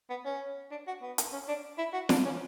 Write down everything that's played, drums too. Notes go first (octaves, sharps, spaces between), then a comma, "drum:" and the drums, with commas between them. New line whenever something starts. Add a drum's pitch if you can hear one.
B3
C#4
D4
F#4
B3
drum: hi-hat
C#4
D4
E4
F#4
D4, drum: snare
C#4